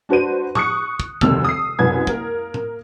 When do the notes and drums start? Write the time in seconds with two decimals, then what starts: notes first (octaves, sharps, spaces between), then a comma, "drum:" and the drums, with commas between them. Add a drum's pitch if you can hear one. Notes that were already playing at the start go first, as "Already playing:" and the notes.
0.09 D4 F#4 B4 C5 D#7
0.55 C#6 D#6 F#6 C#7, drum: tom A2
1.00 drum: kick
1.21 F1 D2 C3 D#3 E6 F7, drum: kick
1.44 D#6 C7
1.79 C2 F#2 B4 G#6
2.07 A#3 A#4, drum: kick
2.54 drum: tom A2